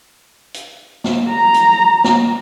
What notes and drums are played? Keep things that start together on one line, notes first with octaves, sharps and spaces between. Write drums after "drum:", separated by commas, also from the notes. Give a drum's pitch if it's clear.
drum: hi-hat
drum: snare
A#5
drum: hi-hat
drum: snare